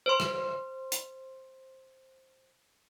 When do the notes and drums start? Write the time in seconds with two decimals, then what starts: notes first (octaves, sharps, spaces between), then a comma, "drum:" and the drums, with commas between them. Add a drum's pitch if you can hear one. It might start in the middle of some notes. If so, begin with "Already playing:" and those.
0.06 C5 C6
0.20 drum: rim click
0.92 drum: hi-hat